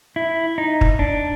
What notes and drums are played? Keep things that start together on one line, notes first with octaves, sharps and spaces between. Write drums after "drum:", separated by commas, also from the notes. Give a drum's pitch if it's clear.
E4
D#4
drum: kick
D4